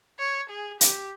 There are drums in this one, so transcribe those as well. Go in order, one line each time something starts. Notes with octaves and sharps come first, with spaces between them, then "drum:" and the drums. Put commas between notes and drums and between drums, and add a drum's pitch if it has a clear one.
C#5
G#4
G4, drum: hi-hat